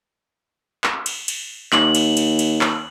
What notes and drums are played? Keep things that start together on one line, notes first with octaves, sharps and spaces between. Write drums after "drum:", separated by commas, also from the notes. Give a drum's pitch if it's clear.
drum: clap
drum: cymbal
drum: cymbal
D#2 F#7, drum: clap
drum: cymbal
drum: cymbal
drum: cymbal
drum: clap